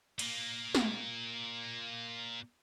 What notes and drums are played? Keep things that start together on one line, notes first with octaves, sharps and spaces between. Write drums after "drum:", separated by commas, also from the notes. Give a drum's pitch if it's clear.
A#2 A#3, drum: cymbal
drum: snare